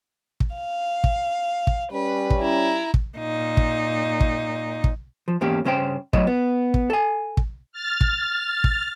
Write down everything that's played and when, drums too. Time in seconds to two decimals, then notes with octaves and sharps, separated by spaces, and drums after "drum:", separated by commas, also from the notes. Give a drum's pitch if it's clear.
0.40 drum: kick
0.56 F5
1.04 drum: kick
1.67 drum: kick
1.92 G3 C#4 B4
2.30 drum: kick
2.41 E4 A#5
2.94 drum: kick
3.17 A#2 D#4
3.57 drum: kick
4.20 drum: kick
4.84 drum: kick
5.28 F3
5.41 E2 G#2 A#3 C#4 G4 C#5
5.65 G2 C#3 C#4 C5 G5
6.13 F#3 A3 E4 C#5 D#5, drum: kick
6.27 B3
6.74 drum: kick
6.90 A4 G#5
7.37 drum: kick
7.72 F6 A6
8.01 drum: kick
8.64 drum: kick